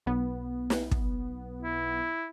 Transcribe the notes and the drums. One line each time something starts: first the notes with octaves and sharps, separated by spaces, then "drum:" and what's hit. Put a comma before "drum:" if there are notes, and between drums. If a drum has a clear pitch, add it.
B1 B3
drum: snare
drum: kick
E4